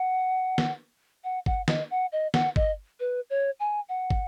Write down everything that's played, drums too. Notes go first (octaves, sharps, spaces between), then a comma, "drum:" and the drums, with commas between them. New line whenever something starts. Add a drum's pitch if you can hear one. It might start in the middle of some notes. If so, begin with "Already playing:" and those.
Already playing: F#5
drum: snare
F#5
F#5, drum: kick
D#5, drum: snare
F#5
D#5
F#5, drum: snare
D#5, drum: kick
B4
C#5
G#5
F#5
drum: kick